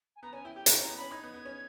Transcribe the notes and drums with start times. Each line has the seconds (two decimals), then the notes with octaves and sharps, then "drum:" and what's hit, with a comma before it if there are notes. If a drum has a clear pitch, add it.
0.16 G#5
0.22 B3 A#5
0.33 C#4 G#5
0.45 E4 G5
0.55 G4 G5
0.66 E4 A#5, drum: hi-hat
0.78 C#4 A#5
0.90 B3
0.96 C#4 B5
1.11 D#4 G#6
1.23 B3
1.34 B3
1.46 C#4